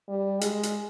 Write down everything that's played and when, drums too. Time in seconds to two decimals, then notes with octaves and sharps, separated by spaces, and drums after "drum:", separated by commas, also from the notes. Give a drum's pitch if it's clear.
0.08 G3
0.41 G#3, drum: hi-hat
0.63 drum: hi-hat